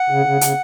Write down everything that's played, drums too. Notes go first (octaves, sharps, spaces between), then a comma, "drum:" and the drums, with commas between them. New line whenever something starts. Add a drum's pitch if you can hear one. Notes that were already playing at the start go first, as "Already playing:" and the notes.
Already playing: F#5
C#3
C#3
C#3, drum: hi-hat